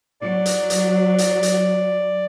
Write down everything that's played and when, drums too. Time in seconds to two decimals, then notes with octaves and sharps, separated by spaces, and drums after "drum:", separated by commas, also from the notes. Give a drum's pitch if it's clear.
0.21 F#3 D5
0.46 drum: hi-hat
0.70 drum: hi-hat
1.18 drum: hi-hat
1.43 drum: hi-hat